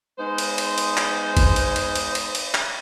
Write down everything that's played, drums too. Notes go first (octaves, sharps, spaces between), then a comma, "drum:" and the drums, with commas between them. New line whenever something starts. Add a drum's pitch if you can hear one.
G#3 B3 D#4 C5
drum: cymbal
drum: cymbal
drum: cymbal
drum: clap
drum: kick G#1, cymbal
drum: cymbal
drum: cymbal
drum: cymbal
drum: cymbal
drum: cymbal
drum: clap